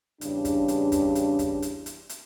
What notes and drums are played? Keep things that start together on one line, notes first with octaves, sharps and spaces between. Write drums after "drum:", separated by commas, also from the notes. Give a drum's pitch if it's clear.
E2 G2 C#3 D4, drum: hi-hat
drum: kick, hi-hat
drum: hi-hat
drum: kick, hi-hat
drum: hi-hat
drum: kick, hi-hat
drum: hi-hat
drum: hi-hat
drum: hi-hat